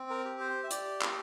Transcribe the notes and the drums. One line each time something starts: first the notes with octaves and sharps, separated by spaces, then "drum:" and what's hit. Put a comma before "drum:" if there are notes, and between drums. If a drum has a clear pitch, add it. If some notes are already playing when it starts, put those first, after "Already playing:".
Already playing: C4
A#4
G4
C5
E5
G4 D5, drum: hi-hat
drum: clap